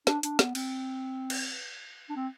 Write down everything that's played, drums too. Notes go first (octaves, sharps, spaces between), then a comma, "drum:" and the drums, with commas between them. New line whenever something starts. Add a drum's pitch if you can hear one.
D4, drum: snare
D4, drum: hi-hat
B3, drum: snare
C4, drum: cymbal
drum: cymbal
D4
C4